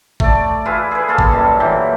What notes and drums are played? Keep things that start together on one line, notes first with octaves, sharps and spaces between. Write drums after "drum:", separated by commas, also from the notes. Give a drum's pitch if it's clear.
A3 D5, drum: kick
E4 F4 G#4 B4
G#4 B4
A#3 F4 G#4 A4
drum: kick
F#2 G3 A5
A#2 E3 F#3 G4